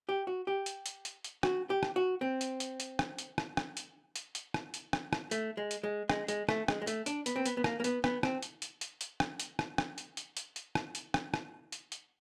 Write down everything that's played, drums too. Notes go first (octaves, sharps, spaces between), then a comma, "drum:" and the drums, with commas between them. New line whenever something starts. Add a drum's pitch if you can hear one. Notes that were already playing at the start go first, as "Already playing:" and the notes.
G4
F#4
G4
drum: hi-hat
drum: hi-hat
drum: hi-hat
drum: hi-hat
F#4, drum: rim click
G4
drum: rim click
F#4
C4
drum: hi-hat
drum: hi-hat
drum: hi-hat
drum: rim click
drum: hi-hat
drum: rim click
drum: rim click
drum: hi-hat
drum: hi-hat
drum: hi-hat
drum: rim click
drum: hi-hat
drum: rim click
drum: rim click
A3, drum: hi-hat
G#3
drum: hi-hat
G#3
G#3, drum: rim click
G#3, drum: hi-hat
A3, drum: rim click
G#3, drum: rim click
G#3
A3, drum: hi-hat
D4, drum: hi-hat
B3, drum: hi-hat
C4
B3, drum: hi-hat
B3
A#3, drum: rim click
A#3
B3, drum: hi-hat
B3, drum: rim click
C4, drum: rim click
drum: hi-hat
drum: hi-hat
drum: hi-hat
drum: hi-hat
drum: rim click
drum: hi-hat
drum: rim click
drum: rim click
drum: hi-hat
drum: hi-hat
drum: hi-hat
drum: hi-hat
drum: rim click
drum: hi-hat
drum: rim click
drum: rim click
drum: hi-hat
drum: hi-hat